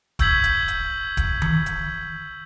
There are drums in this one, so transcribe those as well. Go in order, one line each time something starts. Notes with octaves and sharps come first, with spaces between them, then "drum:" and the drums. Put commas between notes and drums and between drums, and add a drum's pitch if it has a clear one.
C#6 E6 G6 G#6 B6 F#7, drum: kick D1, hi-hat
drum: hi-hat
drum: hi-hat
drum: kick D1, hi-hat
drum: tom D#3
drum: hi-hat